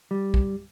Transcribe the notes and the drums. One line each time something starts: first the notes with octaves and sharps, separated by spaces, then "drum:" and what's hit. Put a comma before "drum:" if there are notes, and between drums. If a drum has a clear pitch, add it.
G3
drum: kick